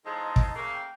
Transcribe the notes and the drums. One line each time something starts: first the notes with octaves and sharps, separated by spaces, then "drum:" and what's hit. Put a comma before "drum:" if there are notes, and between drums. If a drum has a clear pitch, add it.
A2 F3 G#3 D#4 A4 A#5
drum: kick
C#3 A3 A#3
G5